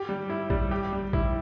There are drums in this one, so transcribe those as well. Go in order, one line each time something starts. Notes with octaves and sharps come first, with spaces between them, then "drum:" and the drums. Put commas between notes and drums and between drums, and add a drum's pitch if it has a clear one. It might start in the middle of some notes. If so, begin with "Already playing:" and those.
Already playing: G4
G3
E4
G3, drum: kick A1
G4
G3
E4, drum: kick A1